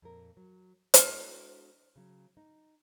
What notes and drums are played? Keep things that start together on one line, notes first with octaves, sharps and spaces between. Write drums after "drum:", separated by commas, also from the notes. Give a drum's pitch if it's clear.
F2 A#2 A#4
F#3
G#3 B3 D4 E4 F#4 A4, drum: hi-hat
C#3 F#3
D#4